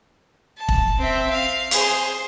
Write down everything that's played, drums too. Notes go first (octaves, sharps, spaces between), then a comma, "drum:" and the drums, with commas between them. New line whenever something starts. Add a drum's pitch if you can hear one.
A5
drum: kick
C4 E5
F5
G#4 C5, drum: hi-hat